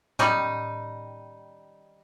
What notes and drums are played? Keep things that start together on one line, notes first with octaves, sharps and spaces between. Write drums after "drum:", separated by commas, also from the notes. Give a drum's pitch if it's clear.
D#3 G3 C#4 D#4, drum: tom A2